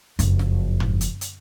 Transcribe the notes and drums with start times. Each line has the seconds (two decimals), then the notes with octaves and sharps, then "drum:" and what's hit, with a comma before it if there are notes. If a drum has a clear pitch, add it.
0.19 F#1 F2, drum: hi-hat
0.39 drum: snare
0.80 drum: tom
1.01 drum: hi-hat
1.21 drum: hi-hat